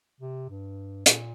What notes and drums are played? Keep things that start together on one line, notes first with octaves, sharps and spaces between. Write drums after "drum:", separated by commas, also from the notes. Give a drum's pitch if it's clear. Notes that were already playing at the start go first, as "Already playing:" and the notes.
C3
G2
A#2, drum: hi-hat